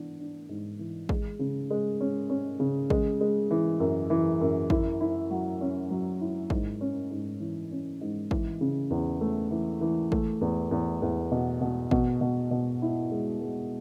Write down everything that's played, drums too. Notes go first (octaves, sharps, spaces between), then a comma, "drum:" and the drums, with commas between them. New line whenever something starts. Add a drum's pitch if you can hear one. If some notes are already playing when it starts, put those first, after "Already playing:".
Already playing: E3 B3 D4
D4
G#2
E3
G#3, drum: kick
C#3
G#3
C#4
C#4
C#3
G#3, drum: kick
G#3
E3
F#2
E3
F#2
E4, drum: kick
E4
F#3
C#4
F#3
E4
G#2, drum: kick
C#4
G#2
E3
C#4
G#2
E3, drum: kick
C#3
E2
A3
E3
E3
A3, drum: kick
E2
E2
E2
B2
B2
B2, drum: kick
B2
B2
E4
G#3
G#3